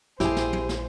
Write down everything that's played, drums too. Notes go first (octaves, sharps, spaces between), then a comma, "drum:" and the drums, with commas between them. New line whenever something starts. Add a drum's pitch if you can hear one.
A#1 E4 G4 G#4 C5, drum: snare
drum: snare
drum: tom
drum: snare